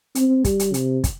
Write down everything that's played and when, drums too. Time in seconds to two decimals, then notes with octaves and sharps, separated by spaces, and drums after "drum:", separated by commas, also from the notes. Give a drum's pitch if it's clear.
0.15 C4, drum: hi-hat
0.45 G3, drum: kick, hi-hat
0.59 drum: hi-hat
0.74 C3, drum: hi-hat
1.04 drum: kick, hi-hat